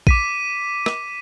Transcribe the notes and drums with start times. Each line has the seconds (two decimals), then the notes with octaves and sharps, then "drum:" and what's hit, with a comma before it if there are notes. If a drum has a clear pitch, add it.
0.07 D6 B6 D#7, drum: kick
0.86 drum: rim click